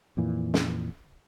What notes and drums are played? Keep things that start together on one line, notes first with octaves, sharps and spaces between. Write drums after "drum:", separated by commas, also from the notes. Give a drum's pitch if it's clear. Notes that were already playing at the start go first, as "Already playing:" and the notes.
F2 A#2 E3
drum: snare